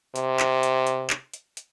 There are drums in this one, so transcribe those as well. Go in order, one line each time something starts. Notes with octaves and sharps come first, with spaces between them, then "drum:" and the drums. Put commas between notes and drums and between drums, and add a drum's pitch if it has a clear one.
C3, drum: hi-hat
drum: clap
drum: hi-hat
drum: hi-hat
drum: clap
drum: hi-hat
drum: hi-hat